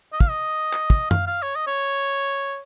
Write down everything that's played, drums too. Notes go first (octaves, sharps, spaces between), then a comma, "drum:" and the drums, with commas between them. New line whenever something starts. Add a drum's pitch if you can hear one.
D#5
F5, drum: kick
D#5
drum: clap
drum: kick
F5, drum: tom F#2
F5
C#5
D#5
C#5